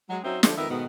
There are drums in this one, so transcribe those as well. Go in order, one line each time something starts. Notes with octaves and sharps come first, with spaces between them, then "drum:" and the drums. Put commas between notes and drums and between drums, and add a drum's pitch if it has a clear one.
F#3 G#3
F#3 C4 C#4 D#4 C5 E5
D3 F3 A3 D4 G4, drum: snare
F2 D#3 B3 A#4 E5
G#2 B2 D#3 A3 B3